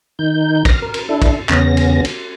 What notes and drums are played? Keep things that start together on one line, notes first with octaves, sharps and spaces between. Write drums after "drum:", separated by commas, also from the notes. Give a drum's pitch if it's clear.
D#3 D#4 G6
F6 A#6, drum: kick, cymbal
A#4
drum: cymbal
D4 E4 A4
drum: kick, cymbal
E2 C#3 B3 C#4 A#6, drum: clap
drum: cymbal
drum: cymbal